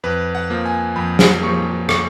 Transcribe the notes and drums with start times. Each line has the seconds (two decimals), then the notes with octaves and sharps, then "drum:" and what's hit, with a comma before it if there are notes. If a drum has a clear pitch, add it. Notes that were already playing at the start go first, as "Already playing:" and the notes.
0.04 F2 B4
0.35 F#5
0.50 F3 A#3
0.66 G#5
0.96 F2 B5
1.19 drum: snare
1.42 F3 A#3 C#6
1.89 C#6, drum: rim click